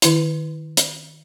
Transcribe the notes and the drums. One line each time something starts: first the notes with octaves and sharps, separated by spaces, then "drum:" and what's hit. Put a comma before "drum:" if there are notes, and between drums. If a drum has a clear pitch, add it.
D#3 E4, drum: hi-hat
drum: hi-hat